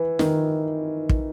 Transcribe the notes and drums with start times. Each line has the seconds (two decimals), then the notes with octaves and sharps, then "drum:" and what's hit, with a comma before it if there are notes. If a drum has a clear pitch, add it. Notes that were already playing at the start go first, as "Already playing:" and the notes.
Already playing: E3
0.19 D#3, drum: snare
1.09 drum: kick